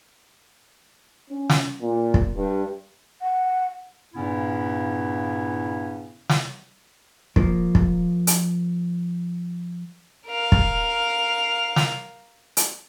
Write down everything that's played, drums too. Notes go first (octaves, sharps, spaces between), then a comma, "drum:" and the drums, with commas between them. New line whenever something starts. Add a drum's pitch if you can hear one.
C#4
drum: snare
A#2
drum: kick
G2
F#5
G2 A#2 C#3 B3 C#4 E4
drum: snare
F3 A#3, drum: kick
drum: kick
drum: hi-hat
A#4 F5
drum: kick
drum: snare
drum: hi-hat